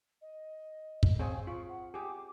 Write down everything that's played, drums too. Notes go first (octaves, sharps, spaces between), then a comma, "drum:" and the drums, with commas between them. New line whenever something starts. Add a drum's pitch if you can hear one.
D#5
drum: kick
C4 G#4 C#5 F5
F4 C#6
F#5
G4 G#4 D6